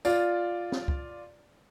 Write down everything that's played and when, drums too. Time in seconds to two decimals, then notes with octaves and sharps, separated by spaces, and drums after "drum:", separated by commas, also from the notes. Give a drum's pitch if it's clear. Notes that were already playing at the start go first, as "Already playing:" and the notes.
0.05 F4 D5, drum: tambourine
0.72 drum: snare
0.88 drum: kick C#2